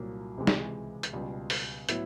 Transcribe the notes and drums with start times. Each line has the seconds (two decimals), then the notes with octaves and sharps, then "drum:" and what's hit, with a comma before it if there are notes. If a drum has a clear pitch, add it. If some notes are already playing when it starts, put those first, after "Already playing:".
Already playing: C2 A#2 F#3 A#3
0.37 C#2 C3 E3 G#3
0.47 drum: snare
1.03 drum: hi-hat
1.13 C#2 B2 G3
1.50 drum: open hi-hat
1.89 A2 F#3 B3 E4, drum: hi-hat